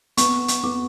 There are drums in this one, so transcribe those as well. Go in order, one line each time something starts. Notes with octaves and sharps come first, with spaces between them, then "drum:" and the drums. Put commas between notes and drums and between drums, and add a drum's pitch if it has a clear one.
B3 C#6, drum: hi-hat
drum: hi-hat
B3 D6